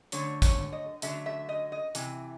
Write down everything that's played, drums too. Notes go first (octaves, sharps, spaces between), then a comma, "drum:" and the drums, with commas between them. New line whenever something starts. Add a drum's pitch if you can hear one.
D3 F#3 A3 C#5, drum: hi-hat
C#5, drum: kick, hi-hat
D#5
D3 F#3 A3 E5, drum: hi-hat
E5
D#5
D#5
C3 E3, drum: hi-hat